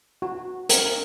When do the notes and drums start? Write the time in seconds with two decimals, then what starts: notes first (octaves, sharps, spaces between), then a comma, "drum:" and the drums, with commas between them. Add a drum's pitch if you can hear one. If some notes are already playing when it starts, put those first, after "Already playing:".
0.22 F#4
0.69 A#4, drum: hi-hat